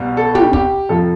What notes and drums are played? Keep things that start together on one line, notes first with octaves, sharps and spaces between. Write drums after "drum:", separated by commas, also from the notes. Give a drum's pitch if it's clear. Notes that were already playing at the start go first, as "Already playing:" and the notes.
Already playing: C2 B2 G3
A4
G4, drum: tom
G4, drum: kick
F2 C3 F3 A4